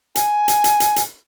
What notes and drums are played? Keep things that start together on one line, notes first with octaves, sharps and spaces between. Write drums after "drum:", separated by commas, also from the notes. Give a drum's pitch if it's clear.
G#5, drum: hi-hat
drum: hi-hat
drum: hi-hat
drum: hi-hat
drum: hi-hat